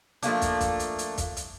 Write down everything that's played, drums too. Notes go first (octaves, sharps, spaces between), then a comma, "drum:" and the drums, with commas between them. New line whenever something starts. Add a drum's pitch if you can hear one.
F3 A3 A#3 D4, drum: hi-hat
drum: kick, hi-hat
drum: kick, hi-hat
drum: hi-hat
drum: hi-hat
drum: kick, hi-hat
drum: hi-hat